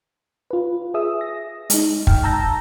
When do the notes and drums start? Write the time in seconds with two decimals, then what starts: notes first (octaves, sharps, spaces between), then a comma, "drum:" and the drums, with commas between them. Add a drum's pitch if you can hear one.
0.51 F4 B4
0.94 G#4 E5 D#6 E6
1.21 A#6
1.70 G#3 D#4, drum: hi-hat
2.07 G5 F6, drum: kick
2.23 A5 A#5 E6 G6 A#6